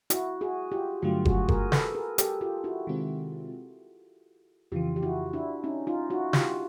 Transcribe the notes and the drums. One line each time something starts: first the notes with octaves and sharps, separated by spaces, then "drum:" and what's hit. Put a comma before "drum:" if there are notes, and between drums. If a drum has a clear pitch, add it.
E4 F#4, drum: hi-hat
F#4 G#4
F4 G4
G2 D3 F#3 A3 F4 G4
F#4 G#4, drum: kick F#1
G#4 A#4, drum: kick F#1
A4 B4, drum: snare
G#4 A#4
G4 A4, drum: hi-hat
F4 G4
E4 F#4
C3 D#3 G#3 C4 F4
F2 C#3 E3 F4 G4
G4
E4 F#4
D4 E4
C#4 D#4
D#4 F4
E4 F#4
F4 G4, drum: snare